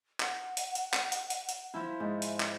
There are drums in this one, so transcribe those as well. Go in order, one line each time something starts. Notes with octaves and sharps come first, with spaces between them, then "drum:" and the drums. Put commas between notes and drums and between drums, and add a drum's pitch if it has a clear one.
F#5, drum: clap
drum: hi-hat
drum: hi-hat
drum: clap
drum: hi-hat
drum: hi-hat
drum: hi-hat
F3 E4 E5
G#2
drum: hi-hat
drum: clap